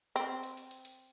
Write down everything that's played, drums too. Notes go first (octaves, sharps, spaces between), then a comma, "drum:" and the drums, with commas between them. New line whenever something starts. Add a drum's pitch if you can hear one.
C4
drum: hi-hat
drum: hi-hat
drum: hi-hat
drum: hi-hat